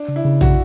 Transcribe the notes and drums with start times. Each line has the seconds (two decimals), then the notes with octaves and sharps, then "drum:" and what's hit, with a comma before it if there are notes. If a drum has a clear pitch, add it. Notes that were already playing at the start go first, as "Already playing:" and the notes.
Already playing: D4
0.08 C#3
0.16 E4
0.25 C#3
0.41 F#4, drum: tom A#1